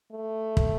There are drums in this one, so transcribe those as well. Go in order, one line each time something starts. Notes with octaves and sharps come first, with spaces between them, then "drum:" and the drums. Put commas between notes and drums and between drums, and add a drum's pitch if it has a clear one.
A3
drum: kick